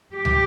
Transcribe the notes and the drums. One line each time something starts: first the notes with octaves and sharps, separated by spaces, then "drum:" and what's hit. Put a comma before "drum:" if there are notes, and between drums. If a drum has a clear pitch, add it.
G4
drum: tom